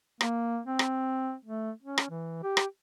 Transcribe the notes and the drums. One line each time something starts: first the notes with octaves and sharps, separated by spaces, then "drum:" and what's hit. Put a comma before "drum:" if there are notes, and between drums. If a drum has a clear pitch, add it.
A#3, drum: rim click
C4
drum: rim click
A3
C#4
drum: rim click
E3
G4
drum: rim click